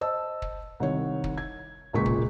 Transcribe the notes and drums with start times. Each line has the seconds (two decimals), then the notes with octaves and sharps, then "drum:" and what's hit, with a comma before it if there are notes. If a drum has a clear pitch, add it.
0.01 C5 D#5 A5 E6
0.42 drum: kick
0.80 C2 D#3 C#5
1.24 drum: kick
1.38 G#6
1.93 E1 C#2 A#2 G#4 C#6 B6
2.06 drum: kick